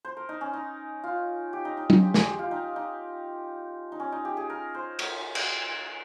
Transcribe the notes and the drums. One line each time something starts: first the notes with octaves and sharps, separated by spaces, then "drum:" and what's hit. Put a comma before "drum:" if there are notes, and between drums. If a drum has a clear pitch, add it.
C5
A#4
D#4
C#4
D#4
F4
G4
D#4
D#4
D#4, drum: tom F#3
G4
G#4, drum: snare
G4
F4
D#4
D#4
D#4
C#4
D#4
G4
G#4
A#4
C5
C#5, drum: cymbal
drum: cymbal